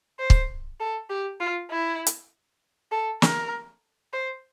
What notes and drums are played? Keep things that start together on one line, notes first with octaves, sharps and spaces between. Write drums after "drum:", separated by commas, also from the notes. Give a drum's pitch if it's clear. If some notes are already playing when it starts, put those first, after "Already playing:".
C5
drum: kick
A4
G4
F4
E4
drum: hi-hat
A4
A#4, drum: snare
C5